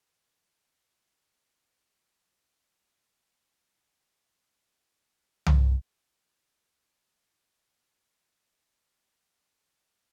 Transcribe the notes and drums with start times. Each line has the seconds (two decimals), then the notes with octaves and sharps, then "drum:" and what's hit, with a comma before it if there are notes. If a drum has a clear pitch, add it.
0.13 A#6
0.62 F5
0.97 A#4
1.13 D#3
2.54 D#2
2.66 B3
2.79 B2
2.93 C#4
3.06 G3
3.27 F4
3.41 G2
3.54 A3
3.69 D4
3.87 D2
4.04 G#4
5.46 drum: tom C2
6.01 B2 C4 D#6
6.39 G4 B4 C5 C#6 E6 F6
8.27 F#7
8.42 F2
8.57 E7
8.74 D#4
8.89 C6
9.12 A1
9.31 D#2
9.45 A#2
9.59 A3
9.70 A#5
9.88 A#6